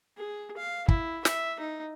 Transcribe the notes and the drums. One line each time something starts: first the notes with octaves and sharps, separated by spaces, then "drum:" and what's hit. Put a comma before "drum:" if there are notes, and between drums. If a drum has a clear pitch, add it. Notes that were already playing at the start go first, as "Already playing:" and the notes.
G#4
F5
E4, drum: kick
E5, drum: snare
D#4